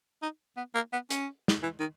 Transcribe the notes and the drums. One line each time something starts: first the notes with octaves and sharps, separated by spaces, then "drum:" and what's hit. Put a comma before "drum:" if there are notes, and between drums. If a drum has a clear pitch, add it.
D#4
B3
A#3
B3
C#4, drum: hi-hat
drum: snare
E3
D#3